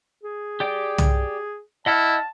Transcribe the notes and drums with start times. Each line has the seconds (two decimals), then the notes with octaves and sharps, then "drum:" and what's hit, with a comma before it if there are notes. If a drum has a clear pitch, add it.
0.23 G#4
0.60 G4 D5 G5
0.98 drum: tom
1.86 E4 D#5 F#5 A5 F6